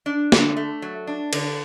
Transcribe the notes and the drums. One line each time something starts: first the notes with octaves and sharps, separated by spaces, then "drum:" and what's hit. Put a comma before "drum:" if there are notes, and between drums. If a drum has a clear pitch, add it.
D4
D3, drum: snare
A3
F#3
D4
D3, drum: cymbal